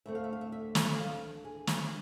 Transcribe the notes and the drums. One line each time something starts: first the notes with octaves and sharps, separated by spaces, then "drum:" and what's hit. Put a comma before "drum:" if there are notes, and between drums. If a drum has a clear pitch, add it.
D2 D3 A3 C4 E5
F5
E5
F5
E5
E5
drum: snare
F5
G#4
drum: snare